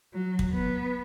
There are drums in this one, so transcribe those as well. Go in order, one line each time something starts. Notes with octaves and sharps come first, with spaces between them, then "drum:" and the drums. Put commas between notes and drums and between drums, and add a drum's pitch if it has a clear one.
F#3
drum: kick
B3